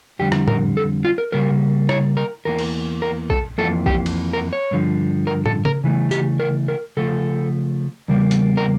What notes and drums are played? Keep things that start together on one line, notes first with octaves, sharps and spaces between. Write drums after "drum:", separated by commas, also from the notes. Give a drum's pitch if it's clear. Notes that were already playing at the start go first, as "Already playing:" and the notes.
F2 D3 G3 G4
drum: rim click
A#4, drum: tom
A4
F4
A#4
C#3 G3 A#3 A#4
C#5, drum: rim click
A#4
E2 E3 A#3 A#4
drum: cymbal
A#4
A4, drum: kick
F2 E3 A#3 A4
G4, drum: kick
drum: cymbal
A#4
C#5
G2 D3 F3
A#4
A4, drum: tom
A#4, drum: tom C#3
C#3 E3 A3
G4, drum: tambourine
A#4
A#4
C#3 F3 A3 A4
E2 C#3 G3 A#3
drum: hi-hat
A#4